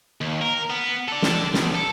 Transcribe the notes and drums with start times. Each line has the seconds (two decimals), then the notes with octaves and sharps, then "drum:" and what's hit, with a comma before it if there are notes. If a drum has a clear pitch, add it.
0.21 D#2
0.41 A#4
0.70 B3
1.08 A4 D5
1.22 drum: snare
1.54 B1, drum: snare
1.75 A4